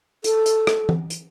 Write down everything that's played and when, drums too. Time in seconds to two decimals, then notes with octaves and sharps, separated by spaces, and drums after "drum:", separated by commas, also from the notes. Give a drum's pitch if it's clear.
0.24 A4, drum: hi-hat
0.46 drum: hi-hat
0.67 drum: rim click
0.89 drum: tom E3
1.10 drum: hi-hat